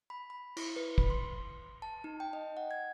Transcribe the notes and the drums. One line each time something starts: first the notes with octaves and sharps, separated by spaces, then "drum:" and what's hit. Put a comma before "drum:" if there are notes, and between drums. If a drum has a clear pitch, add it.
B5
B5
E4, drum: cymbal
B4
B5, drum: kick
C6
A5
D#4
G5
D#5
F#5
G#6